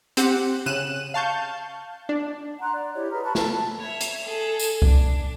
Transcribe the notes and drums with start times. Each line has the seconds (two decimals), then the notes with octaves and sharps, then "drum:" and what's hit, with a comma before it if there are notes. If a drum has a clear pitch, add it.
0.17 C4 G4 F#5, drum: hi-hat
0.66 C#3 F#6 D#7 E7
1.14 F5 A5 C#6 G6
2.09 D4
2.60 F#5 A#5 C6 F#6
2.72 D5
2.93 E4 G4 C#5 D#5
3.11 G#4 B4 A#5 F6
3.24 A5 B5 C#6 F#6
3.35 A4 A5, drum: snare
3.79 C#5 E5
4.01 drum: hi-hat
4.23 G#4 A4
4.59 drum: tambourine
4.82 D4, drum: kick C2